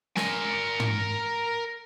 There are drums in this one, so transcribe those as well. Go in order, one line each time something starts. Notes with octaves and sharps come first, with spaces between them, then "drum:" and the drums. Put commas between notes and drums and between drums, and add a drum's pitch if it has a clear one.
A#4 G#5, drum: snare
drum: tom